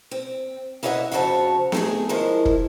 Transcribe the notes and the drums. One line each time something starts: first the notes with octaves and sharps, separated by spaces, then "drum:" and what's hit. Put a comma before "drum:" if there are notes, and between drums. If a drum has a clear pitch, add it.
C4
A#3 E4 C#5 D#5 E5 F#5
F2 C#3 C4 F#4 C#5 A5
A3 D#4 G#4, drum: snare B3
D#3 F3 G#3 E4 A#4
drum: kick